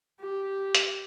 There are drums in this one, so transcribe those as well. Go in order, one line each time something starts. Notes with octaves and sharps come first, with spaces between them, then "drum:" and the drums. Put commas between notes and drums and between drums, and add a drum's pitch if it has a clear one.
G4
drum: hi-hat